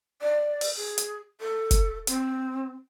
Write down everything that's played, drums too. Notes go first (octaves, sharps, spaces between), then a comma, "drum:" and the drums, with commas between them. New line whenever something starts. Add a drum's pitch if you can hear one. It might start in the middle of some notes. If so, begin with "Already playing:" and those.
D5
drum: open hi-hat
G#4
drum: hi-hat
A4
drum: kick, hi-hat
C4, drum: hi-hat